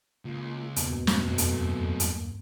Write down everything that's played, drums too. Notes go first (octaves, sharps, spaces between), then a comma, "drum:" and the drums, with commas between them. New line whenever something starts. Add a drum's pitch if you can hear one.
C#2 A#3 F4
E2 G2 B2 A#3, drum: hi-hat
drum: snare
F2 F#3 A3
drum: hi-hat
drum: hi-hat